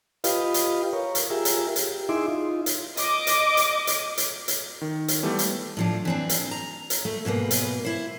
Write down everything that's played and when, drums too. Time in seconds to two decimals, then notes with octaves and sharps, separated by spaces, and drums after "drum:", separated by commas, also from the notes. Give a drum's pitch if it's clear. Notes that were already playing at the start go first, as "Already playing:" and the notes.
0.24 F4 G4 B4 D#5 F5, drum: hi-hat
0.54 drum: hi-hat
0.93 A#4 C#5
1.15 drum: hi-hat
1.30 F4 G4 G#4 A#4 E5
1.45 drum: hi-hat
1.76 G4, drum: hi-hat
2.09 D#4 E4 G#4 E5 C6 D6
2.28 D#4 F4
2.66 drum: hi-hat
2.97 D#5 D6, drum: hi-hat
3.27 drum: hi-hat
3.57 drum: hi-hat
3.87 drum: hi-hat
4.18 drum: hi-hat
4.48 drum: hi-hat
4.82 D#3
5.08 drum: hi-hat
5.23 E3 G3 A3 B3
5.39 drum: hi-hat
5.77 A2 F3 D4
6.05 E3 C4 D4
6.29 drum: hi-hat
6.51 A#5
6.90 drum: hi-hat
7.05 A3
7.25 G#2 B2 A#3 B4
7.51 drum: hi-hat
7.85 E4 C5